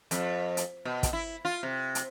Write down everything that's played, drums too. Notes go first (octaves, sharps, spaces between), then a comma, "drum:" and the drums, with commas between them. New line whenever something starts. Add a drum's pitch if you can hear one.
F2, drum: hi-hat
drum: hi-hat
B2
drum: kick, hi-hat
E4
F4
C3
drum: hi-hat